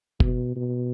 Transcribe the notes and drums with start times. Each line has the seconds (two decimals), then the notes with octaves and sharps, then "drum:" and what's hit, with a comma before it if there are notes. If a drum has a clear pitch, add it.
0.20 B2, drum: kick
0.56 B2